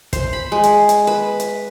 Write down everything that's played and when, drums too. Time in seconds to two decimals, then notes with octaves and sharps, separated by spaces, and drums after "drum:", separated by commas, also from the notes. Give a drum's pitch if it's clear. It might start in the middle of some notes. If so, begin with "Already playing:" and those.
0.13 C5, drum: kick, hi-hat
0.33 B5
0.52 G#3
0.63 drum: hi-hat
0.89 drum: hi-hat
1.07 B4
1.40 drum: hi-hat